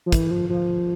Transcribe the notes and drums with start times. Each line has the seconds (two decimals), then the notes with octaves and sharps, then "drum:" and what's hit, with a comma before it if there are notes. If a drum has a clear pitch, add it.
0.06 F3
0.12 E3, drum: kick, hi-hat
0.31 F3
0.49 F3